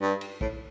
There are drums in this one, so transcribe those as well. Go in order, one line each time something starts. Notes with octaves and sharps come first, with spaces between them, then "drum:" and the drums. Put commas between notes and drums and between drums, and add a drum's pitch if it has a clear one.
G2
drum: cymbal
A2, drum: kick